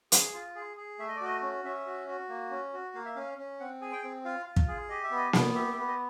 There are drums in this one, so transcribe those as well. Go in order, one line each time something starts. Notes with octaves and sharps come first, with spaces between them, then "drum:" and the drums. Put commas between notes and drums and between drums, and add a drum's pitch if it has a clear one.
G#4, drum: hi-hat
F4
G#4
G#4
A3 E5
D#5
D5
F#4 D#5
C#4
C#4 E5
F#4
F#4
A#3
C#4
F#4
A#3 F5
E5
C#4 F5
C#4
C4 F#5
G#4 G#5
G5
C4
F4 F5
F4
drum: kick
G#4
G4 D#5
E5
B3
D#5
B3, drum: snare A#3
G4 E5
E5
B3
D#5